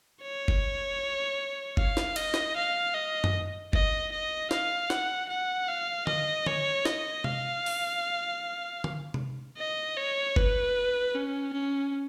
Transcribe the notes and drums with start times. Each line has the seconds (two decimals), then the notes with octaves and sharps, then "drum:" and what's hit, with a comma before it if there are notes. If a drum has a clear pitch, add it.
0.22 C#5
0.48 drum: kick F#1
1.77 F5, drum: kick F#1
1.97 drum: snare
2.16 D#5, drum: cymbal
2.34 drum: snare
2.56 F5
2.94 D#5
3.24 drum: tom F#2
3.73 D#5, drum: kick F#1
4.12 D#5
4.51 F5, drum: snare
4.90 F#5, drum: snare
5.29 F#5
5.68 F5
6.07 D#5, drum: tom D3
6.46 C#5, drum: tom D3
6.85 D#5, drum: snare
7.24 F5, drum: tom C3
7.66 drum: open hi-hat
8.84 drum: tom D3
9.14 drum: tom C3
9.58 D#5
9.96 C#5
10.36 B4, drum: kick F#1
11.15 C#4
11.53 C#4